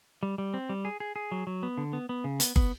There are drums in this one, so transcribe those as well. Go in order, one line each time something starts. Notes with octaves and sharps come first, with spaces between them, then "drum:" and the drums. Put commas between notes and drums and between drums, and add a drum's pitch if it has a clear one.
G3
G3
C4
G3
G#4
G#4
G#4
F#3
F#3
B3
D3
B3
B3
C#3
B3, drum: hi-hat
B3, drum: kick